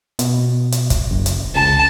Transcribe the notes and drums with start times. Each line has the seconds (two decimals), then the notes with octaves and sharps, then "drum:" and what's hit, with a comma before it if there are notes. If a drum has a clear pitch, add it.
0.19 B2, drum: hi-hat
0.72 drum: hi-hat
0.90 drum: kick, hi-hat
1.11 F#1
1.26 drum: hi-hat
1.55 C#2 A5